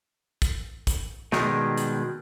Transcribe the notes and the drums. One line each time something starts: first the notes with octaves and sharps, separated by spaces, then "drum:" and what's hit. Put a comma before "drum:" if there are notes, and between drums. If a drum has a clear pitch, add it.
drum: kick, hi-hat
drum: kick, hi-hat
B2 D#3 G3 G#3, drum: snare
drum: hi-hat